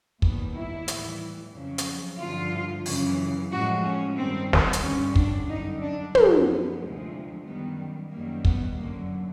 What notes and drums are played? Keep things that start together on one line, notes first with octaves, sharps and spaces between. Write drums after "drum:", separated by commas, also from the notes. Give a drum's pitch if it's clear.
D#2 D#3 G3 B3, drum: kick
E4
A2 E3 G3, drum: hi-hat
F2 C#3 F#3
drum: hi-hat
G2 D3 F3 F4
F#2 C#3 E3, drum: open hi-hat
A2 F3 G#3 F#4
C#4
G2 D#3 G3 C4
drum: snare
drum: hi-hat
G2 D3 G3 C#4
D4, drum: kick
F#2 D3 G3 D#4
D4
F#2 D3 F3, drum: tom
B3
D2 C3 F3 G#3
F#2 D#3 G3 B3
F#2 D#3 G3 A#3
B3, drum: kick
F#2 D3 F#3 A#3